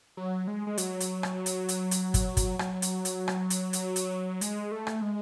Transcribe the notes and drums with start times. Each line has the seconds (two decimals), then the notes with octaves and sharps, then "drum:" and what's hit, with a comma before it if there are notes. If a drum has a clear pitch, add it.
0.17 F#3
0.47 G#3
0.67 G#3
0.78 F#3, drum: hi-hat
1.00 drum: hi-hat
1.23 drum: rim click
1.46 drum: hi-hat
1.69 drum: hi-hat
1.91 drum: hi-hat
2.14 drum: kick, hi-hat
2.37 drum: kick, hi-hat
2.59 F#3, drum: rim click
2.82 drum: hi-hat
3.05 drum: hi-hat
3.28 drum: rim click
3.50 drum: hi-hat
3.73 drum: hi-hat
3.96 drum: hi-hat
4.41 G#3, drum: hi-hat
4.72 A3
4.87 drum: rim click
5.02 G#3